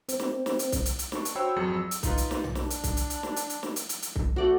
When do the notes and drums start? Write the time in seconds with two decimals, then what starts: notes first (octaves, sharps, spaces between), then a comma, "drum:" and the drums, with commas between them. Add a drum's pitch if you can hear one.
0.09 C4, drum: hi-hat
0.20 drum: snare
0.46 drum: snare
0.59 drum: hi-hat
0.72 drum: kick C2, hi-hat
0.86 drum: hi-hat
0.99 drum: hi-hat
1.12 D4 C#6, drum: snare
1.25 drum: hi-hat
1.35 F#4 C5 C#5 G5 B5 E6
1.56 G#1 F2 F#3 G#4 C#7
1.74 E6
1.91 drum: hi-hat
2.03 D#4 F4 B4, drum: kick C2, hi-hat
2.18 drum: hi-hat
2.31 drum: snare
2.44 drum: tom
2.55 D4, drum: snare
2.70 drum: hi-hat
2.84 drum: kick C2, hi-hat
2.97 drum: hi-hat
3.10 drum: hi-hat
3.23 drum: snare
3.36 drum: hi-hat
3.50 drum: hi-hat
3.63 drum: snare
3.76 drum: hi-hat
3.89 drum: hi-hat
4.02 drum: hi-hat
4.16 drum: kick C2
4.36 A3 F#4 D5 F#5